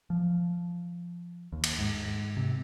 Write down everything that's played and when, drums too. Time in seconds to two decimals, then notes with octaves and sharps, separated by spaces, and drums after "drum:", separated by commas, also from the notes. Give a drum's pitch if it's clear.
0.10 F3
1.52 D#2
1.64 drum: cymbal
1.79 G#2
2.37 C3